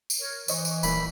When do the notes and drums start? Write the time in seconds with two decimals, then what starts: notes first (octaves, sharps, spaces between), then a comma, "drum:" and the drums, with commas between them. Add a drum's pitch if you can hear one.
0.10 drum: tambourine
0.20 A#4 C#5
0.48 E3 C5 D#5 C#6, drum: tambourine
0.65 drum: tambourine
0.83 D#1 G3 A#3 E4 B5, drum: tambourine